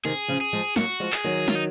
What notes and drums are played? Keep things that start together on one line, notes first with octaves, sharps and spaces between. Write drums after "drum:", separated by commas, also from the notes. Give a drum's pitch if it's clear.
C3 D#3 G#4
C#3 F3
G#4
F3 G#3
F#3 A#3 F#4, drum: snare
F3 G#3
G#4, drum: clap
D#3 F#3
F4, drum: snare
D#4